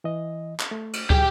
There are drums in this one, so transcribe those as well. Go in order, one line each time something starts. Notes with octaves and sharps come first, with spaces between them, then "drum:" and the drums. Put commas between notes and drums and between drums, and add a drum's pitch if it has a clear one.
E3 D#5
drum: clap
A3
drum: cymbal
F#3 G4 G#4 G5, drum: kick